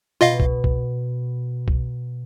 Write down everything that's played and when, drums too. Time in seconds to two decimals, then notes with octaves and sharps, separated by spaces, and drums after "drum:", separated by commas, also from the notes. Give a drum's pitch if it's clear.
0.21 B2 F4 D#5 F5
0.40 drum: kick C2
0.64 drum: kick C2
1.68 drum: kick C2